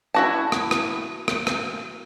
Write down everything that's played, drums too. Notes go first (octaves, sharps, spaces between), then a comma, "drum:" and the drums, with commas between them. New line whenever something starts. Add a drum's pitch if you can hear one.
E4 F#4 A5
drum: rim click
drum: rim click
drum: rim click
drum: rim click